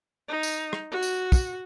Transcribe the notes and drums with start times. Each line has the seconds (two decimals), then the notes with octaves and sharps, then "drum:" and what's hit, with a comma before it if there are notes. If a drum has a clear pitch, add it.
0.28 D#4
0.43 drum: tambourine
0.73 drum: rim click
0.91 F#4
1.02 drum: tambourine
1.32 drum: kick, tambourine